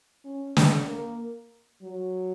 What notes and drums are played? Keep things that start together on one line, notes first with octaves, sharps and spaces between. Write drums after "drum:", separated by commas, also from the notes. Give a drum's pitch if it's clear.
C#4
drum: snare
A#3
F#3